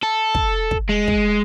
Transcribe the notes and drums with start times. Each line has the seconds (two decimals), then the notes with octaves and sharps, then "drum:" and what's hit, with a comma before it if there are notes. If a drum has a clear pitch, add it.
0.03 A4
0.35 drum: kick
0.71 drum: kick
0.89 G#3
1.08 drum: kick